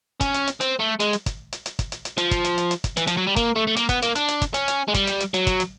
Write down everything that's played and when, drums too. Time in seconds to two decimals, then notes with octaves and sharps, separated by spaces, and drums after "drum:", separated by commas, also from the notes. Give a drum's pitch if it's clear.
0.21 C#4, drum: kick, hi-hat
0.34 drum: hi-hat
0.47 drum: hi-hat
0.61 C4, drum: hi-hat
0.80 A3
1.00 G#3, drum: hi-hat
1.13 drum: hi-hat
1.26 drum: kick, hi-hat
1.52 drum: hi-hat
1.66 drum: hi-hat
1.79 drum: kick, hi-hat
1.92 drum: hi-hat
2.05 drum: hi-hat
2.18 F3, drum: hi-hat
2.31 drum: kick, hi-hat
2.44 drum: hi-hat
2.58 drum: hi-hat
2.71 drum: hi-hat
2.84 drum: kick, hi-hat
2.97 E3, drum: hi-hat
3.07 F3, drum: hi-hat
3.17 F#3
3.27 G3
3.36 A#3, drum: kick, hi-hat
3.56 A3
3.67 A3
3.76 A#3, drum: hi-hat
3.89 B3, drum: kick, hi-hat
4.02 A#3, drum: hi-hat
4.15 D4, drum: hi-hat
4.28 drum: hi-hat
4.42 drum: kick, hi-hat
4.54 C#4, drum: hi-hat
4.68 drum: hi-hat
4.88 G#3
4.94 G3, drum: kick, hi-hat
5.07 drum: hi-hat
5.20 drum: hi-hat
5.34 F#3, drum: hi-hat
5.47 drum: kick, hi-hat
5.60 drum: hi-hat